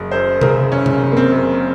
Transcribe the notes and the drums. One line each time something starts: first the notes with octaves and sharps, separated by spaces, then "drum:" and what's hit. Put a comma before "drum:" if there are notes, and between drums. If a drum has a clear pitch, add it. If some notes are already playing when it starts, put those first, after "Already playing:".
Already playing: F#1
F#2 C5
C#3 A#4, drum: tom C3
F#1 C#4
drum: tom C3
F#1
A#3
C4
F#2